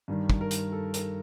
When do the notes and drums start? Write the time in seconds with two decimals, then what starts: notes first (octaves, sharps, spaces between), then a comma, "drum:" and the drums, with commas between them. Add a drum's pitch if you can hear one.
0.08 G2 D#3 G3
0.30 drum: kick
0.41 A#4
0.51 drum: hi-hat
0.72 A4
0.94 A#4, drum: hi-hat